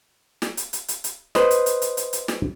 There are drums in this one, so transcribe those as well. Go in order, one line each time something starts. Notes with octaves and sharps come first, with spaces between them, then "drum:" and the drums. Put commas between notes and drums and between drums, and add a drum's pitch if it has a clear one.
drum: snare
drum: hi-hat
drum: hi-hat
drum: hi-hat
drum: hi-hat
B4 C5 D#5, drum: snare
drum: hi-hat
drum: hi-hat
drum: hi-hat
drum: hi-hat
drum: hi-hat
drum: snare